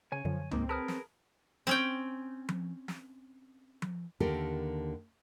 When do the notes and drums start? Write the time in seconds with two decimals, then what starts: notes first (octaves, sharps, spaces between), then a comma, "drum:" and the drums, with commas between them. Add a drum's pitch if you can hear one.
0.12 C#3 C#5 G#5
0.25 F#2 D3 F3 F#3
0.51 G#2 A#3 C4 D#4, drum: tom C#2
0.69 G#4 A#4 B4 A5 D#6 F6
0.88 drum: snare
1.67 C4 C#4 G5, drum: snare
2.49 drum: tom F3
2.88 drum: snare
3.82 drum: tom F3
4.20 D#2 D3 G4 A4 A#4